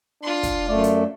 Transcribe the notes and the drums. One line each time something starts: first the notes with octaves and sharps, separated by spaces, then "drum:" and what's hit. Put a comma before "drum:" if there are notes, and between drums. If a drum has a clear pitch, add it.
D4 F4 C6
drum: kick, hi-hat
F#2 A3 D5
drum: hi-hat